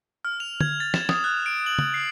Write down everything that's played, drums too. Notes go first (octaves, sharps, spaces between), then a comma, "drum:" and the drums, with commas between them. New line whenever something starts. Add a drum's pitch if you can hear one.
F6
F7
G#6, drum: tom D3
A6
E7, drum: snare
D#6, drum: snare
F#6
D7
F#7
drum: tom
C7